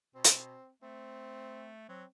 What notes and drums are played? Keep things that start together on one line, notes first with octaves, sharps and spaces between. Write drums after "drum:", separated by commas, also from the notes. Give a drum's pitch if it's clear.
B2 C4
drum: hi-hat
A3 C4
F#3 C4